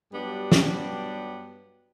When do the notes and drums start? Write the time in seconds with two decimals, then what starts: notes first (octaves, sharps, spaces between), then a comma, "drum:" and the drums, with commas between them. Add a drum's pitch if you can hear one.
0.13 G2 F#3 G3 B3 D4 G4
0.52 drum: snare